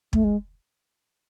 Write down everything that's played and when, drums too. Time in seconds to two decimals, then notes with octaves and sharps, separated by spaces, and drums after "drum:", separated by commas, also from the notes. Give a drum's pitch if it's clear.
0.13 A3, drum: kick
0.24 G#3